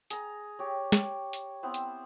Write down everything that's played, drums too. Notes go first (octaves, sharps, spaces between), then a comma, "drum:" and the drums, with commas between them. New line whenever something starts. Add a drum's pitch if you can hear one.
G#4 A#5, drum: hi-hat
G4 C#5
drum: snare
drum: hi-hat
B3 C4 E4 C5
drum: hi-hat